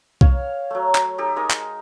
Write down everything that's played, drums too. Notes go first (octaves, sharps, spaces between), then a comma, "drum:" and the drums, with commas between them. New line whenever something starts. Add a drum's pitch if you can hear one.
C#5 F5, drum: kick B1
F#3 A3
drum: clap
D#4 G4 A4
G#3 D#4 A#4 D#6
drum: clap